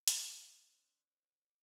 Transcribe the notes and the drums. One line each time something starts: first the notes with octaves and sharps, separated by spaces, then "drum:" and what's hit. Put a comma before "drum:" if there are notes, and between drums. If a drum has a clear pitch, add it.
C4 D4 C5 B5, drum: hi-hat